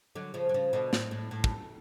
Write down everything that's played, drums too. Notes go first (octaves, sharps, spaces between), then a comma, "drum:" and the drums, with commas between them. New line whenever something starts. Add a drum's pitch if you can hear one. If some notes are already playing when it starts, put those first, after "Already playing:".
D3 F#3
C#3 F3
F#3
C#3 F3
B2 D3
A2, drum: snare
A2
A2
drum: kick